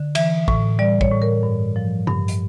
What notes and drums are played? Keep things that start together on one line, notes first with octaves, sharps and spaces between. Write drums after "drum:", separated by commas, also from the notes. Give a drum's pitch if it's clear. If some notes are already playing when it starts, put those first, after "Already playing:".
Already playing: D3
E3 E5, drum: cymbal
A2, drum: kick
G3 D5
C#5, drum: kick
A2
A#4
G2
F3
G2, drum: tom
drum: hi-hat